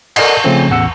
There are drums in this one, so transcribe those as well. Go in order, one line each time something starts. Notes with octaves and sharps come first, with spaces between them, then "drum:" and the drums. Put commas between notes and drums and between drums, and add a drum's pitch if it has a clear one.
A4 A#4 D5 D#5 F#5, drum: cymbal
C#3 F3 A3 C4 C#4
A1 E2 F#5 E6 C#7